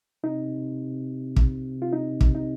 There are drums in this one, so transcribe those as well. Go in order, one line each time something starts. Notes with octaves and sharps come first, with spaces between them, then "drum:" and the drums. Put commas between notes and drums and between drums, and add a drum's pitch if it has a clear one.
C3 D#4
drum: kick
F4
D#4
drum: kick
D#4